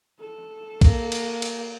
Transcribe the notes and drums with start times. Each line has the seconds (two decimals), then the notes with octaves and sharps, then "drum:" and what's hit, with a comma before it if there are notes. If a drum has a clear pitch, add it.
0.20 A4
0.81 A#3, drum: kick B1, cymbal
1.12 drum: cymbal
1.42 drum: cymbal